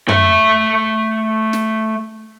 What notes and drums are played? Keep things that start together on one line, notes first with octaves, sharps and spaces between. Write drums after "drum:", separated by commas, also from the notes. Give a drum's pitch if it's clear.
A3 E5, drum: tom
drum: snare